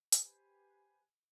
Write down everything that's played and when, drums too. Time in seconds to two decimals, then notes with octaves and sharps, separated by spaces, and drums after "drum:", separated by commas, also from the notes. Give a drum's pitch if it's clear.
0.12 G4 B4 C5 G#5, drum: hi-hat